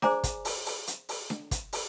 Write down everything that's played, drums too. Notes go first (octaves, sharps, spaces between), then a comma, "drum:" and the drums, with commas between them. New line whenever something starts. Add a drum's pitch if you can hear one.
G#4 C5 D5 G#5 A#5 D6, drum: snare D4
drum: kick, hi-hat
drum: open hi-hat
drum: open hi-hat
drum: hi-hat
drum: open hi-hat
drum: snare D4
drum: kick, hi-hat
drum: open hi-hat